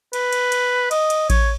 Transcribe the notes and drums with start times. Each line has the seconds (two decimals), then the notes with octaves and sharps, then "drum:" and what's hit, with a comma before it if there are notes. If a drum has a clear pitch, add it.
0.13 B4, drum: cymbal
0.33 drum: cymbal
0.52 drum: cymbal
0.91 D#5, drum: cymbal
1.10 drum: cymbal
1.30 C#5, drum: kick A1, cymbal